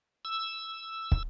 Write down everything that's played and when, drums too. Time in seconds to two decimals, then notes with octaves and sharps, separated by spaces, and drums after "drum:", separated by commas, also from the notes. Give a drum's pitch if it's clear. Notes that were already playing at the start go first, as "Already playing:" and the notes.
0.25 E6
1.12 drum: kick